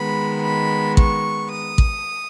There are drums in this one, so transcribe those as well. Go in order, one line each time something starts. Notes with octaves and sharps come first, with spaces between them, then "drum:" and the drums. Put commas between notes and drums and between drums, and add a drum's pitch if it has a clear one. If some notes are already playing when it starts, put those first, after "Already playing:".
Already playing: D#3 G#3 B3 B5
B5
C#6, drum: kick A1
D#6
drum: kick A1